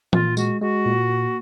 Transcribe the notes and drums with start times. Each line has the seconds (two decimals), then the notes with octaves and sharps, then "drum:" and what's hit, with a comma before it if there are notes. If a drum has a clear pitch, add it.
0.13 A#2 F4, drum: tom E3
0.37 G#3 F#4, drum: tambourine
0.61 G#3 F#4
0.85 A#2
1.10 A#3